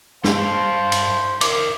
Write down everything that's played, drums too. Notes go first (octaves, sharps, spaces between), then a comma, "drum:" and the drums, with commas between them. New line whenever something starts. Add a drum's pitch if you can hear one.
G2 C5 F5 A5, drum: snare
drum: cymbal
D#4 A#4 F5 D6, drum: cymbal